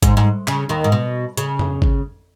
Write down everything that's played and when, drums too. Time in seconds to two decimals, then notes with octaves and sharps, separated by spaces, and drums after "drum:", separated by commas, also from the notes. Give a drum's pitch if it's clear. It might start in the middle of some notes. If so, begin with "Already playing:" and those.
0.03 G#2, drum: kick, hi-hat
0.17 G#2
0.48 C#3, drum: clap
0.69 D#2 D#3
0.84 G#2
0.92 B2
1.37 C#3, drum: hi-hat
1.59 drum: tom F2
1.82 drum: kick